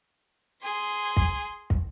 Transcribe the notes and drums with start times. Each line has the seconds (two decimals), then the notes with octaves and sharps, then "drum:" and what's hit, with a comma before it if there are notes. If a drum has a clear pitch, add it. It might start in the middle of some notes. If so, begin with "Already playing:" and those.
0.63 G#4 C6
1.17 drum: kick
1.70 drum: kick